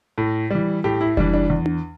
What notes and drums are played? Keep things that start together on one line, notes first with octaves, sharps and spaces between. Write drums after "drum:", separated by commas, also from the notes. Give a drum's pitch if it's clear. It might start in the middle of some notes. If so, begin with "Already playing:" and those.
A2
E3 G3
A2 G4
E4
E3 G3 D4, drum: kick F1
D4
E2
drum: tom D4